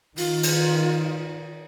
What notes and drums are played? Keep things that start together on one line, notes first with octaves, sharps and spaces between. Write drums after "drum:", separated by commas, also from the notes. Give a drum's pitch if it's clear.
D#3 F4, drum: open hi-hat
drum: cymbal